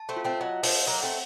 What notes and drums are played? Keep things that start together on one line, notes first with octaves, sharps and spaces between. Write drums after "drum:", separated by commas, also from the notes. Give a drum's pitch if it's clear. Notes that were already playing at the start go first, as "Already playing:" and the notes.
Already playing: A5
A3 C4
F4
A3 C4
F#3 D#5
F3 A3 F#5, drum: open hi-hat
F#3 A#3 F#5
A3 C4